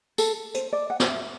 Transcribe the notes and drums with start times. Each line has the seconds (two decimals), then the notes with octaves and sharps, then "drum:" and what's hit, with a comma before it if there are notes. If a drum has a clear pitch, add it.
0.18 A4, drum: tambourine
0.54 C5, drum: hi-hat
0.72 D5
0.90 F#5
1.00 E5, drum: snare